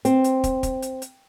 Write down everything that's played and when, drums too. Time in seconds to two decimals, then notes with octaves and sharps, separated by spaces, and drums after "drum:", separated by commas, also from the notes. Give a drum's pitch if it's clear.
0.05 C4, drum: hi-hat
0.24 drum: hi-hat
0.44 drum: kick, hi-hat
0.63 drum: kick, hi-hat
0.82 drum: hi-hat
1.02 drum: hi-hat